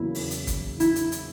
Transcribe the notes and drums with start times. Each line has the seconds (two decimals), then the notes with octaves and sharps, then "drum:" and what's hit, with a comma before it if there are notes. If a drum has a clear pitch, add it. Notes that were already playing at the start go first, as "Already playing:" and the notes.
Already playing: E2 C#3 F#3 A#3 E4
0.15 drum: open hi-hat
0.31 drum: hi-hat
0.47 drum: kick, hi-hat
0.80 E4, drum: hi-hat
0.96 drum: hi-hat
1.12 drum: hi-hat